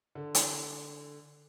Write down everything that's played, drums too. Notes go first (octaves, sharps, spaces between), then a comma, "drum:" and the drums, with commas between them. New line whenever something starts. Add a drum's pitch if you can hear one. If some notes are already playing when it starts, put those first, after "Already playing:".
D3
drum: hi-hat